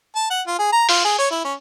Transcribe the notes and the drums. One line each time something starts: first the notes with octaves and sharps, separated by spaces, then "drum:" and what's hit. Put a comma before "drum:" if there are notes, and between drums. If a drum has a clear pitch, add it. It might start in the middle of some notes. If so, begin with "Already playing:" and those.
A5
F#5
F4
G#4
A#5
F4, drum: open hi-hat
G#4
C#5
E4
C#4